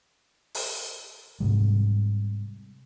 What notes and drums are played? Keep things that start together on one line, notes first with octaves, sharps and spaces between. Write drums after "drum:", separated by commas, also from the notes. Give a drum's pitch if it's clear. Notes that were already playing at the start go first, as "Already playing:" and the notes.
drum: open hi-hat
G#2 C3 G3